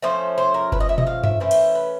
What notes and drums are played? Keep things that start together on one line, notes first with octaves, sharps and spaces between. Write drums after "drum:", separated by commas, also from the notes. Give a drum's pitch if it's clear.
F3 A3 C#4 C5
C5
A#4
B4, drum: kick F#1
D#5
E5
D#5, drum: tom A#2
F5
E5, drum: tom F#2
E3 A3 C#4 C5
drum: cymbal
B4